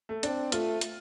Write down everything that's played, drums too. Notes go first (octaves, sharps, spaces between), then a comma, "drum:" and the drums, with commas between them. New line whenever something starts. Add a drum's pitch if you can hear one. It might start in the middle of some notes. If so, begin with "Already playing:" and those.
A3
C4 D4, drum: hi-hat
A3 F4, drum: hi-hat
drum: hi-hat